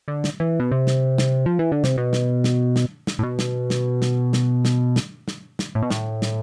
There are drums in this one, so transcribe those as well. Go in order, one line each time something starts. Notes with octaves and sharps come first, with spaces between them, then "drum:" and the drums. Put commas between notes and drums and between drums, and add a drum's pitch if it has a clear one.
D3
drum: snare
E3
B2
C3
drum: snare
drum: snare
F3
E3
D3
C3, drum: snare
B2
drum: snare
drum: snare
drum: snare
drum: snare
A2
B2
drum: snare
drum: snare
drum: snare
drum: snare
drum: snare
drum: snare
drum: snare
drum: snare
A2
B2
A2, drum: snare
drum: snare